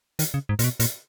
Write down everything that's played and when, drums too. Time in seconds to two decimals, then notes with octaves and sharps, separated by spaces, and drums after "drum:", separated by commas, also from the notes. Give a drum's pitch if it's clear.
0.19 D#3, drum: hi-hat
0.34 C#3
0.49 G#2
0.59 A#2, drum: hi-hat
0.64 B2
0.80 A#2, drum: hi-hat